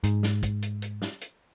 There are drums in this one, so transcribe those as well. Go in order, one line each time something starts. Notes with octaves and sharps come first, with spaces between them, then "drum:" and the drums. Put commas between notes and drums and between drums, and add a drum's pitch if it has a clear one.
G#2, drum: hi-hat
drum: snare
drum: kick, hi-hat
drum: hi-hat
drum: hi-hat
drum: snare
drum: hi-hat